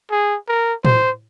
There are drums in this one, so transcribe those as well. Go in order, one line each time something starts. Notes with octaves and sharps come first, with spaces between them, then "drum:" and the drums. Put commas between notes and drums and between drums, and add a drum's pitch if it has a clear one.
G#4
A#4
C5, drum: tom A2